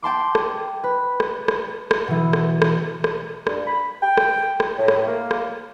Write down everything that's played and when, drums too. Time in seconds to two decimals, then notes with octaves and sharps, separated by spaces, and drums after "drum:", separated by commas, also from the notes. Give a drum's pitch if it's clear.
0.02 G5 A5 C6 D6
0.35 drum: rim click
0.84 B4
1.20 drum: rim click
1.48 drum: rim click
1.91 drum: rim click
2.08 B2 E3
2.33 drum: rim click
2.62 drum: rim click
3.04 drum: rim click
3.47 G2, drum: rim click
3.67 B5
4.03 G5
4.17 drum: rim click
4.60 drum: rim click
4.78 A2
4.88 drum: rim click
5.07 A#3
5.31 drum: rim click